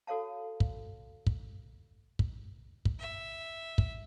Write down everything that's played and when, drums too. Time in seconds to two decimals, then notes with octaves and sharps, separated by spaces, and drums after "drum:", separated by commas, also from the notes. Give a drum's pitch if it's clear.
0.07 F#4 A4 C#5 F5 A5
0.60 drum: kick
1.27 drum: kick
2.19 drum: kick
2.85 drum: kick
2.99 E5
3.78 drum: kick